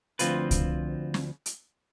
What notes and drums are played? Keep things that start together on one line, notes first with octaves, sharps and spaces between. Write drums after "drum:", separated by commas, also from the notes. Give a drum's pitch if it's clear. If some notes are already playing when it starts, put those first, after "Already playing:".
D2 F3 C4 F4 B4, drum: hi-hat
drum: kick C2, hi-hat
drum: snare
drum: hi-hat